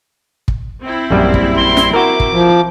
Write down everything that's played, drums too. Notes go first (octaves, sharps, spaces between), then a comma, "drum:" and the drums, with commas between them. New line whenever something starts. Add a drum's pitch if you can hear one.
drum: kick
C4 E4
A#1 F#2 G3
drum: kick
C6
drum: snare
F#4 A#4 D6
drum: kick
F3